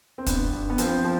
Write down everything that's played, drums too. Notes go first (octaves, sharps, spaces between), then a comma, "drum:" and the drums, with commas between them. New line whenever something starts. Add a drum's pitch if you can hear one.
C4
G2 B3, drum: kick, hi-hat
G2
B3
F3 C4, drum: hi-hat
F3